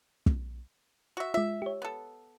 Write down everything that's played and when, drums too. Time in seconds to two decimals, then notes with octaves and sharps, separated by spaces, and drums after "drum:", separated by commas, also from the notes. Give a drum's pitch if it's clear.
0.26 drum: kick
1.17 F#4 E5
1.34 G#3 F4 E5
1.62 G4 C#5
1.82 B3 A4